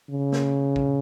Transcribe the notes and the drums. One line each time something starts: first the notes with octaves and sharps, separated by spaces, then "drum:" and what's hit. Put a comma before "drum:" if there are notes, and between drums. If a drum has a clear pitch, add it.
C#3
drum: snare
drum: kick